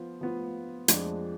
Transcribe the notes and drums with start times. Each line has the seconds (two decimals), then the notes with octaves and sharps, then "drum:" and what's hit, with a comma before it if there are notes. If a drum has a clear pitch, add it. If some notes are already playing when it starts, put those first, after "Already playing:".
Already playing: F3 B3 F4
0.21 F3 B3 F4
0.88 F2 F3 G#3 D4, drum: hi-hat